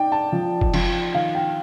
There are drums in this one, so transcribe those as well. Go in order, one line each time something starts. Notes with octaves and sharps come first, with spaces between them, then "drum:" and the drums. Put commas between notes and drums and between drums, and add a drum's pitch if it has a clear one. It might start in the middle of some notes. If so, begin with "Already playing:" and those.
Already playing: D#4 D5 G5
A5
F3
drum: kick
F3, drum: cymbal
D#3 F5
G5